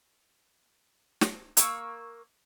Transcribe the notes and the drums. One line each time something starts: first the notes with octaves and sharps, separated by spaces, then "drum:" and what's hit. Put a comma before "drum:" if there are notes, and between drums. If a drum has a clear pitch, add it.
drum: snare
A#3 C#6 E6, drum: hi-hat